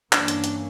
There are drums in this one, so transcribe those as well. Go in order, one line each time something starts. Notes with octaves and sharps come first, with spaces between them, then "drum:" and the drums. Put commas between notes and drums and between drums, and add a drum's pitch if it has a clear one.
G2 E3 A#3 C#4 D4, drum: clap
drum: hi-hat
drum: hi-hat